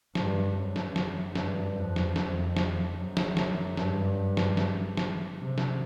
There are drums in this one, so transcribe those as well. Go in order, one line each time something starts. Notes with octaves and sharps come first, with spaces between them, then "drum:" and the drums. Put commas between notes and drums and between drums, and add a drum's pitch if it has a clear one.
G2, drum: snare
F#2
drum: snare
F#2, drum: snare
G2, drum: snare
F2
drum: snare
F2, drum: snare
drum: snare
F#2
drum: snare
drum: snare
G2, drum: snare
drum: snare
drum: snare
drum: snare
C3
drum: snare